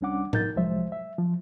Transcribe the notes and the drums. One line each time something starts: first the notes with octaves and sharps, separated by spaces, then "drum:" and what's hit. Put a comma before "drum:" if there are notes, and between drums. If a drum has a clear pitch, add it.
C2 G3 C#4 D4 F#5 D6
D#4 A#4 G6 A6, drum: tom A2
C2 F3 F#3 G#3 C5 E5
E5
F3